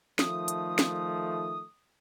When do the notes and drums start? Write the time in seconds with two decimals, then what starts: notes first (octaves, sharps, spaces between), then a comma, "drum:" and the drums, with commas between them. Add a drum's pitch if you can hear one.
0.19 D#3 F3 A3 D#6, drum: snare
0.48 drum: hi-hat
0.79 drum: snare